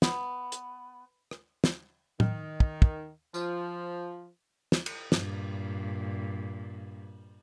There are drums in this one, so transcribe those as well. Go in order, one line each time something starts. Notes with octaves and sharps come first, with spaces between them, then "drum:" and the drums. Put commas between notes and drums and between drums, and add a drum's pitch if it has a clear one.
B3, drum: snare
drum: hi-hat
drum: rim click
drum: snare
D#3, drum: tom A2
drum: kick
drum: kick
F3, drum: tambourine
drum: snare
drum: cymbal
G2 A#2, drum: snare